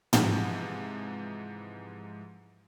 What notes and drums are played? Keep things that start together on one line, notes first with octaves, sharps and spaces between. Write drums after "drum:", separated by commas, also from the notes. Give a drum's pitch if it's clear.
G#2 C3 E3 F3, drum: tom